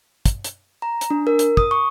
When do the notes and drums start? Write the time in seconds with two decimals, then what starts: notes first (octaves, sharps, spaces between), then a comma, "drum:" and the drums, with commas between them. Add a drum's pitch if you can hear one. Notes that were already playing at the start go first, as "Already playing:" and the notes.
0.26 drum: kick, hi-hat
0.44 drum: hi-hat
0.82 A#5
1.01 drum: hi-hat
1.10 D4
1.27 A#4
1.39 drum: hi-hat
1.57 D#6, drum: kick
1.71 C#6